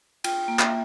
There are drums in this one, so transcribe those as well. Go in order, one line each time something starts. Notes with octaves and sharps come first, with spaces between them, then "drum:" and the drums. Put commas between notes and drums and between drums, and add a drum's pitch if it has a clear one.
F4 G5, drum: cymbal
A#3
E5, drum: clap